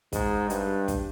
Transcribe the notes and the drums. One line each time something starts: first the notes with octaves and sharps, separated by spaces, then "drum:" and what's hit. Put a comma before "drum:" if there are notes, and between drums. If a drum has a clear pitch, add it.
G#2, drum: kick, hi-hat
G2, drum: hi-hat
drum: kick, hi-hat